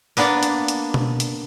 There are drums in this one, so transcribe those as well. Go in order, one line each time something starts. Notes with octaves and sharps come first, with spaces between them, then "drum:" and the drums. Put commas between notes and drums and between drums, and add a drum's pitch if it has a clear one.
A#3 B3 D4 D5, drum: open hi-hat
drum: hi-hat
drum: hi-hat
drum: tom B2
drum: hi-hat